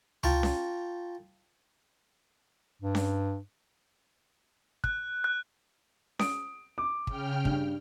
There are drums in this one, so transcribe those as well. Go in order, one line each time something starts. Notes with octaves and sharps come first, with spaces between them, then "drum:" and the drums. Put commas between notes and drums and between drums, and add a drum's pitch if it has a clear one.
F4 G5 A5 A#5 C#6, drum: tom C#2
drum: snare C#4
G2
drum: snare C#4
F#6, drum: kick
F#6
D#6 D7, drum: snare C#4
D6
C#3 G5 F6, drum: kick
G2, drum: kick